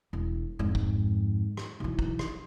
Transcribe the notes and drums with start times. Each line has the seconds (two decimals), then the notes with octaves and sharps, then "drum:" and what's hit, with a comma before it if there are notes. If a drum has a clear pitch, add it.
0.13 E1
0.59 F2 G#2
0.75 drum: kick
1.57 drum: rim click
1.80 B1 E3
1.99 drum: kick
2.19 drum: rim click